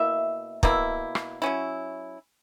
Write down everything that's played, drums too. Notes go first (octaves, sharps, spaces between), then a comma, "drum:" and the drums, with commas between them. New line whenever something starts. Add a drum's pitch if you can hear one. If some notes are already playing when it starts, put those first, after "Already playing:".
Already playing: B2 A#3 E4 E5
B2 A#3 E4, drum: kick
drum: rim click
F#3 C#4 E4